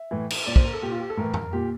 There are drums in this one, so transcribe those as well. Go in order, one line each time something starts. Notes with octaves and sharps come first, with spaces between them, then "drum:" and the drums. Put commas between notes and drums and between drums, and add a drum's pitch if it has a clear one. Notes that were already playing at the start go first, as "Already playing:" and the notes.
Already playing: E5
A2 E3
drum: cymbal
A#2 D5
C5, drum: kick
A#4
A4
A#2 G4
F4
G4
A4
A2 E3 A#4
drum: tom F2
A#2 G4